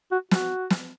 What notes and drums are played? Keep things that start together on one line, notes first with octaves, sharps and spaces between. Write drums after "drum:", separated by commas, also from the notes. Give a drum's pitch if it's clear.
F#4
F#4, drum: snare
drum: snare